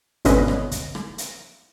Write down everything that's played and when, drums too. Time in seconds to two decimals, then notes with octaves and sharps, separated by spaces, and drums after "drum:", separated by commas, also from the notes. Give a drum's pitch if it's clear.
0.25 G#1 B2 D3 C#4 B4 D#5, drum: hi-hat
0.48 drum: rim click
0.71 drum: kick, hi-hat
0.95 drum: rim click
1.18 drum: hi-hat